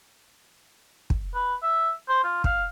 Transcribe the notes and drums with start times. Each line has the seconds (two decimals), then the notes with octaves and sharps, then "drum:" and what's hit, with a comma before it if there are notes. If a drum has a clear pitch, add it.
1.10 drum: kick
1.35 B4
1.63 E5
2.09 C5
2.24 F4
2.44 F5, drum: kick